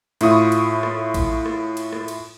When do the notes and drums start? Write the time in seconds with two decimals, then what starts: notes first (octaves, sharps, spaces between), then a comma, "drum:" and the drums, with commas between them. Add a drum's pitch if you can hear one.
0.21 A2 E4 F4 C#6 D#6, drum: cymbal
0.52 drum: cymbal
0.83 drum: rim click
1.14 drum: kick A1, cymbal
1.46 drum: rim click
1.77 drum: cymbal
1.92 drum: rim click
2.08 drum: cymbal